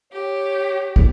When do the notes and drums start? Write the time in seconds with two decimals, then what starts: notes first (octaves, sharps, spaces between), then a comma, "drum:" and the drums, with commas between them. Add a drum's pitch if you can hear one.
0.13 G4 C#5
0.96 drum: kick